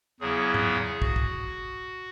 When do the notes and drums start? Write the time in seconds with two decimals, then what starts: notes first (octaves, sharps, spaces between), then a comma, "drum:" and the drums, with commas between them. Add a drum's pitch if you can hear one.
0.20 E2 C#3 F#3 B3 E4 G#4
0.54 drum: tom G#2
1.02 F#4, drum: kick
1.16 drum: kick